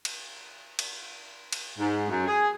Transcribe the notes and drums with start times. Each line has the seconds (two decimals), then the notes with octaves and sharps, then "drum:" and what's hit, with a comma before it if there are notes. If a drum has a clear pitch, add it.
0.05 drum: cymbal
0.79 drum: cymbal
1.53 drum: cymbal
1.79 G#2
2.08 F#2
2.26 G#4